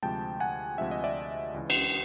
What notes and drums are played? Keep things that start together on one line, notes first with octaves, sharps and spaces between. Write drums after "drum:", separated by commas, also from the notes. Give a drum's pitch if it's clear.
D2 C3 F3 G#3 G5 A5
F#5 G#5
D2 C3 F3 G#3 E5
D#5
D5 E5
C#2 C#3 E3
drum: cymbal